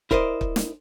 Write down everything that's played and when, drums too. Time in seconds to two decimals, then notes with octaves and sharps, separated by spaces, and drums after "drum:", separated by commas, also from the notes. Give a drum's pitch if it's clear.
0.11 E4 A#4 C5 D5 D#5, drum: kick
0.41 drum: kick
0.56 drum: snare